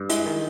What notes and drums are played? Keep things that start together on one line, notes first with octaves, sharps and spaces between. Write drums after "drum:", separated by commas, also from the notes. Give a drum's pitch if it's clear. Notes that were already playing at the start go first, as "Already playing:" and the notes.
Already playing: G2
G#3 E4, drum: hi-hat
D#3